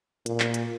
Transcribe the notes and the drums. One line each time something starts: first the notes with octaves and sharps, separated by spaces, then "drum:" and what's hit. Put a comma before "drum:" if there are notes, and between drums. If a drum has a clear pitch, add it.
A#2, drum: hi-hat
drum: clap
drum: hi-hat